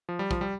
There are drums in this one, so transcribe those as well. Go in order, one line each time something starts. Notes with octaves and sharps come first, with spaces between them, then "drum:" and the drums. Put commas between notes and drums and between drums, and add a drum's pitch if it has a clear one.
F3
G3
F3, drum: kick
G3